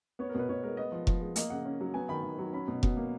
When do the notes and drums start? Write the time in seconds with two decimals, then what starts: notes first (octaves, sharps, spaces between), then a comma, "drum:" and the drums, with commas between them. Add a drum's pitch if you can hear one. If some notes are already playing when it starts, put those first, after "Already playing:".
0.19 B3 C#5
0.29 A#4
0.35 B2 B4
0.49 B2 C#5
0.63 G#3 A#4
0.77 B3 D#5
0.92 F3
1.07 F3, drum: kick F1
1.21 G#3
1.36 A#3 D#5, drum: hi-hat
1.50 C#3 F#5
1.65 C#4
1.81 F#3
1.94 B3 G#5
2.09 D#3 B5
2.23 D#3
2.39 F#3
2.53 C#4 B5
2.68 B2
2.83 B2, drum: kick F1
2.97 A#3